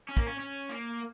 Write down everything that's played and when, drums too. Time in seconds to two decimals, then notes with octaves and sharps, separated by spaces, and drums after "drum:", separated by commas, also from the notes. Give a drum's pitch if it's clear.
0.09 C#4
0.17 A#3, drum: kick
0.27 C#4
0.39 C#4
0.69 A#3